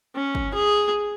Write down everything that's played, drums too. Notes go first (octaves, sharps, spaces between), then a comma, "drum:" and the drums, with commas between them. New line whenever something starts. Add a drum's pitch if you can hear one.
C#4
drum: kick
G#4